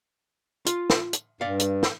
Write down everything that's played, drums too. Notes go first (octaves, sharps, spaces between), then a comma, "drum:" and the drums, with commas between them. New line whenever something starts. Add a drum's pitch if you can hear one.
F4, drum: hi-hat
drum: snare
drum: hi-hat
G2 D5 F5
drum: hi-hat
drum: snare